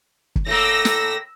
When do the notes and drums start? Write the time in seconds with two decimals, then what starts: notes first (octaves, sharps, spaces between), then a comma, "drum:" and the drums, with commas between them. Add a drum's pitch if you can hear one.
0.36 drum: kick
0.46 A2 A3 A#3 E6 A#6
0.85 drum: snare